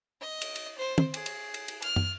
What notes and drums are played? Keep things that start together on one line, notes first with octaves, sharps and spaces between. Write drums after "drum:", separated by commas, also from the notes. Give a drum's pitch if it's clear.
D#5
drum: cymbal
drum: cymbal
C5
drum: tom
G#4, drum: cymbal
drum: cymbal
drum: cymbal
drum: cymbal
F6, drum: cymbal
drum: tom